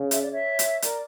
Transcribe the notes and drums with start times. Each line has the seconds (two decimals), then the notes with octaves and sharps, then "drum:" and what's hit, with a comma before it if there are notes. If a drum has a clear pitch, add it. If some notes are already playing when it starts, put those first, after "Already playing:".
Already playing: C#3
0.11 E5, drum: hi-hat
0.21 D5
0.32 C#5 E5
0.59 drum: hi-hat
0.82 A#4 D5, drum: hi-hat